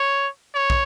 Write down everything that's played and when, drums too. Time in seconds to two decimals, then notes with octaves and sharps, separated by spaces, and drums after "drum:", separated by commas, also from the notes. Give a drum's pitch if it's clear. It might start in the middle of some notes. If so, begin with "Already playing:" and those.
Already playing: C#5
0.55 C#5
0.70 drum: kick